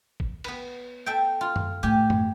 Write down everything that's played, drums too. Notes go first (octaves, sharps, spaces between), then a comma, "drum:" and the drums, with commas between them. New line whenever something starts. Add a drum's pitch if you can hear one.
drum: kick
B3 B4, drum: cymbal
A4 E5 G5
F4
drum: tom F#2
A2 G4 G#5
drum: tom F#2